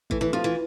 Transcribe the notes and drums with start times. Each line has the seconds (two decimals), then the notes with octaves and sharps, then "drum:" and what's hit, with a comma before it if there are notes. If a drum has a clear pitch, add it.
0.10 E3 A3, drum: kick A1
0.21 E3
0.33 F3 F4
0.44 E3